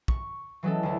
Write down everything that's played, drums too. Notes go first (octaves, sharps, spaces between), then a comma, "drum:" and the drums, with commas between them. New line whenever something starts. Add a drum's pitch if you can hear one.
C#6, drum: kick
E3 F#3 G#3 C#4 A4
D2 E4